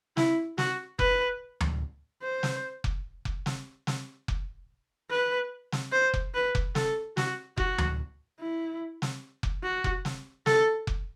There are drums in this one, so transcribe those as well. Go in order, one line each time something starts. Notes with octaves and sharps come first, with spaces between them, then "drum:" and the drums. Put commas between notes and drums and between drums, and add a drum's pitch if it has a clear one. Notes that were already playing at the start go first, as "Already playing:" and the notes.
E4, drum: snare
F#4, drum: snare
B4, drum: kick F1
drum: tom D2
C5
drum: snare
drum: kick F1
drum: kick F1
drum: snare
drum: snare
drum: kick F1
B4
drum: snare
C5
drum: kick F1
B4
drum: kick F1
A4, drum: snare
F#4, drum: snare
F#4, drum: kick F1
drum: tom D2
E4
drum: snare
drum: kick F1
F#4
drum: kick F1
drum: snare
A4, drum: snare
drum: kick F1